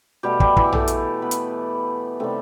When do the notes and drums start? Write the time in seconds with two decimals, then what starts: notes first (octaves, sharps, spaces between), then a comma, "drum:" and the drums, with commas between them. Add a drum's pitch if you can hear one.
0.23 B2 G3 A3 G4
0.40 G3 G4, drum: kick
0.57 E3 E4, drum: kick
0.73 A3 A4, drum: tom A#1
0.88 drum: hi-hat
1.22 B3 B4
1.31 drum: hi-hat
2.20 C3 D#3 G3 A3 A4